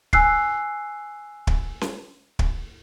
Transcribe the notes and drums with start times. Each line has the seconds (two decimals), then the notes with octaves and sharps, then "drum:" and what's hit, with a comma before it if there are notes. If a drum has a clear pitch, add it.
0.13 G#5 E6 F#6 C7, drum: kick
1.47 drum: kick
1.81 drum: snare C#4
2.39 drum: kick